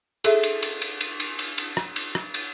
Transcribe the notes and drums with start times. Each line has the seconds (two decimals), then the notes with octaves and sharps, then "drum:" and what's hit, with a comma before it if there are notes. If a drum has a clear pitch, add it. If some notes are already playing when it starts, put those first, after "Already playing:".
0.24 G#4 A4 E5, drum: cymbal
0.43 drum: cymbal
0.62 drum: cymbal
0.82 drum: cymbal
1.01 drum: cymbal
1.20 drum: cymbal
1.39 drum: cymbal
1.58 drum: cymbal
1.77 drum: rim click
1.96 drum: cymbal
2.15 drum: rim click
2.34 drum: cymbal